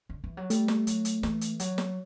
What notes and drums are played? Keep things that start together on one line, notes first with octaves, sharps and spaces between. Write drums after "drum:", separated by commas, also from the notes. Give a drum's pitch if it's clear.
D3
E3
F#3
G3 A3, drum: hi-hat
drum: snare
F#3, drum: hi-hat
drum: hi-hat
E3, drum: snare
drum: hi-hat
F#3, drum: hi-hat
drum: snare